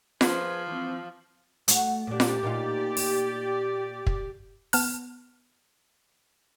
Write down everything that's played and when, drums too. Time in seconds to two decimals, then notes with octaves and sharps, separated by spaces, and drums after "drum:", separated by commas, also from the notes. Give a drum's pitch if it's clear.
0.21 F3 G#4 B4 C5, drum: snare F4
0.68 E3 C4
1.68 A3 F#4, drum: hi-hat
2.07 A#2 D4 G4 D5
2.20 drum: snare F4
2.43 A#2 D#4 F4
2.97 drum: open hi-hat
4.07 drum: kick
4.73 B3 A5 F6, drum: open hi-hat